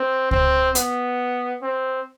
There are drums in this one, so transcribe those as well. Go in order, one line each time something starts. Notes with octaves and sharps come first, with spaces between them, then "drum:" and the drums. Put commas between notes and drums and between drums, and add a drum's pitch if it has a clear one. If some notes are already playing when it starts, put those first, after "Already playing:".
Already playing: C4
C4, drum: kick C#2
B3, drum: hi-hat
C4